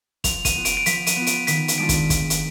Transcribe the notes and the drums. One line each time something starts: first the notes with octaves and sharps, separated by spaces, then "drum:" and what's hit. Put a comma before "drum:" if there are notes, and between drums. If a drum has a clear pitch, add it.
F3 F7, drum: kick, hi-hat
D#7, drum: kick, hi-hat
B3 F4
D7, drum: hi-hat
D7
F3 B6, drum: hi-hat
D#7, drum: hi-hat
B3 F4
D7, drum: hi-hat
D#3 B6, drum: hi-hat
drum: hi-hat
G#3 D4 F4 D7
drum: kick, hi-hat
D#3, drum: kick, hi-hat
drum: hi-hat